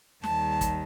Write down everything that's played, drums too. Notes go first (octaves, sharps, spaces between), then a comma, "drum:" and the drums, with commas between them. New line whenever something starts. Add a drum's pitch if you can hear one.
D#2 D#3 G3 A5, drum: snare
drum: kick, hi-hat